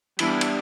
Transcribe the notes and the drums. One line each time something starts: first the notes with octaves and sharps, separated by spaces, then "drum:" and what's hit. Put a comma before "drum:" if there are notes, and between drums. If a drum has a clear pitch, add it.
E3 G3 B3 D4 E4, drum: cymbal
drum: cymbal